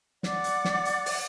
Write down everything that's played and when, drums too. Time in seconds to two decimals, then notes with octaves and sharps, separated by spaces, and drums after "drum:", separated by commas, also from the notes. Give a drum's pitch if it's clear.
0.23 D5 F#5 D6, drum: snare
0.44 drum: hi-hat
0.65 drum: snare
0.85 drum: hi-hat
1.06 drum: open hi-hat